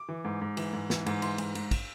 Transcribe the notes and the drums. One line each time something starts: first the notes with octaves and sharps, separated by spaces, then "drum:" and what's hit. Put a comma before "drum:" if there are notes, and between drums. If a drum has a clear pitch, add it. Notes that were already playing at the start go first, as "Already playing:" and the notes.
Already playing: D6
E3
G#2
G#2
E3, drum: cymbal
G#2
E3, drum: snare
G#2, drum: cymbal
E3 C6, drum: cymbal
G#2, drum: cymbal
G#2, drum: cymbal
drum: kick, cymbal